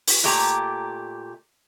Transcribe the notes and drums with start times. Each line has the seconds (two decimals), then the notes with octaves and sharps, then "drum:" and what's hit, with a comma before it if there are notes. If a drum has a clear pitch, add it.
0.08 drum: open hi-hat
0.24 A#2 A3 G4 A#5